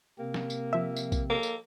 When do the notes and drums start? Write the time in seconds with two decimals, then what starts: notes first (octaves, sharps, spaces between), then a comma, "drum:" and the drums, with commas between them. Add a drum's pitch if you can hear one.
0.19 C3 A#3 C4
0.34 drum: snare
0.50 drum: tambourine
0.73 F3 E5
0.96 drum: tambourine
1.12 drum: kick A#1, tambourine
1.30 A#3 A4
1.43 drum: tambourine